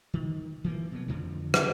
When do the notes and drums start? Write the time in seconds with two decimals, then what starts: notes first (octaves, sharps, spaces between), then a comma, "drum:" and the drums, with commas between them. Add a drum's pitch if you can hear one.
0.14 D#3
0.64 E3 F3 A#3
0.92 B2 F#3
1.08 F2 D3 F3
1.54 drum: rim click